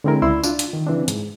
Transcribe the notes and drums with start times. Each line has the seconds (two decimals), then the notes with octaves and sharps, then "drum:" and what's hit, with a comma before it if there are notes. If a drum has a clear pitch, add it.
0.04 D3 G#3 C4 E4 A#4
0.22 C#2 E4 D5 C6 E6
0.43 D4 F4, drum: tambourine
0.59 drum: hi-hat
0.73 D#3
0.87 C#3 E3 C4 D4
1.08 G#2, drum: hi-hat